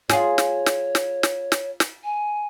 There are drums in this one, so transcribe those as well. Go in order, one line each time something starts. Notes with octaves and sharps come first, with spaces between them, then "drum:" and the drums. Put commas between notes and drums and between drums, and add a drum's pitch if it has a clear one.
F4 G#4 C#5, drum: snare
drum: snare
drum: snare
drum: snare
drum: snare
drum: snare
drum: snare
G#5